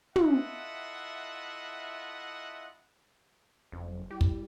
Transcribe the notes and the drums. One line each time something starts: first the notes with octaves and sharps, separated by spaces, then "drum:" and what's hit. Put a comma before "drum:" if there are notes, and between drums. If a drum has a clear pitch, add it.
E4 F4 A4 D#5 E5 F#5, drum: tom
F#1 F2
F#3
G3 E4 G4
drum: kick